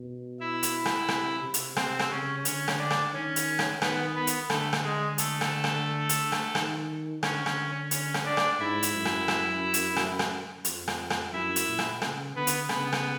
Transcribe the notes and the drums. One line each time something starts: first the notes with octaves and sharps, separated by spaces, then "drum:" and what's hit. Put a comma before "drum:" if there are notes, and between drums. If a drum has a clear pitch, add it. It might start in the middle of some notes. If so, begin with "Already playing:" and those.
Already playing: B2
E4 E5
drum: hi-hat
drum: rim click
C3, drum: rim click
C3
drum: hi-hat
C3 C4 C5, drum: rim click
drum: rim click
C#3 C#4 C#5
D3 C#4 C#5, drum: hi-hat
drum: rim click
D4 D5
drum: rim click
D#3 C#4 C#5
drum: hi-hat
drum: rim click
D#3 B3 B4, drum: rim click
B3 B4
drum: hi-hat
D3 A3 A4, drum: rim click
drum: rim click
G#3 G#4
A3 A4, drum: hi-hat
drum: rim click
drum: rim click
drum: hi-hat
drum: rim click
D#3, drum: rim click
D3 C#4 C#5, drum: rim click
drum: rim click
C#4 C#5, drum: hi-hat
drum: rim click
D4 D5
drum: rim click
G#2 E4 E5
drum: hi-hat
F#2
drum: rim click
drum: rim click
drum: hi-hat
drum: rim click
drum: rim click
F2, drum: hi-hat
drum: rim click
drum: rim click
F#2 E4 E5
drum: hi-hat
A#2
drum: rim click
C#3, drum: rim click
D3 B3 B4
drum: hi-hat
C#3 B3 B4, drum: rim click
drum: rim click